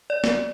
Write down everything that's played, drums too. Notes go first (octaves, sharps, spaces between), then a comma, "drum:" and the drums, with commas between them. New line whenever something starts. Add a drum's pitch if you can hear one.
D5
drum: snare